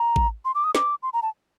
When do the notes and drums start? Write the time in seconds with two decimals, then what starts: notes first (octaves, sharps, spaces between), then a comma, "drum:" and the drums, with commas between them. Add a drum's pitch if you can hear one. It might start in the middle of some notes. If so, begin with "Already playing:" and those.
Already playing: A#5
0.16 drum: kick A1
0.45 C6
0.55 D6
0.64 D#6
0.75 D6, drum: snare
1.03 C6
1.13 A#5
1.22 A5